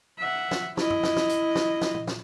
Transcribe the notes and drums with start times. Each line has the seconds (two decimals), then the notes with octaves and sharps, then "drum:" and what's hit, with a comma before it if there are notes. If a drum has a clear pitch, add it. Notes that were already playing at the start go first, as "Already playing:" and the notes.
0.19 E5 F#5
0.51 drum: snare
0.77 E4 D#5, drum: snare
0.90 drum: tom
1.03 drum: snare
1.16 drum: snare
1.29 drum: hi-hat
1.55 drum: snare
1.81 drum: snare
1.94 drum: tom
2.07 drum: snare